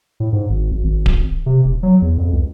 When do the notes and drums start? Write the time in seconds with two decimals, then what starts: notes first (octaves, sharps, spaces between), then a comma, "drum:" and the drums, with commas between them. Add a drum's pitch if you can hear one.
0.20 A2
0.33 G#2
0.50 G#1
0.71 G#1
0.84 G#1
1.06 drum: kick D1
1.46 C3
1.64 E1
1.83 F#3
2.02 E2
2.18 F2
2.33 C#2